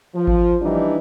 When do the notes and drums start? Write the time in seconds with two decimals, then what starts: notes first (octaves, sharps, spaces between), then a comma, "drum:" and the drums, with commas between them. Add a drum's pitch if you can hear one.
0.15 F3
0.27 drum: kick G#1
0.62 E3 G3 D4 D#4